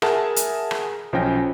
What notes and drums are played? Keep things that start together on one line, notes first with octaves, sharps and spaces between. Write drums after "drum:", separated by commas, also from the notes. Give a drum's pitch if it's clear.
G#4 A#4 E5 F#5 A5, drum: rim click
drum: hi-hat
drum: rim click
B1 F3 C#4 G5 A#6